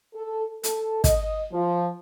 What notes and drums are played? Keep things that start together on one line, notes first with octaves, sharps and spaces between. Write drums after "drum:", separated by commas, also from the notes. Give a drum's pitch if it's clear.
A4
A4, drum: hi-hat
D#5, drum: kick, hi-hat
F3